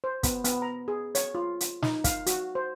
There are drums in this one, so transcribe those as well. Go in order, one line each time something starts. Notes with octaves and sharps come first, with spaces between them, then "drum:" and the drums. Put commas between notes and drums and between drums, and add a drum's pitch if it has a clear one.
C5
B3, drum: kick, hi-hat
B3, drum: hi-hat
A#5
G#4
C#5, drum: hi-hat
F4
drum: hi-hat
D#4, drum: snare
F5, drum: kick, hi-hat
F#4, drum: hi-hat
C5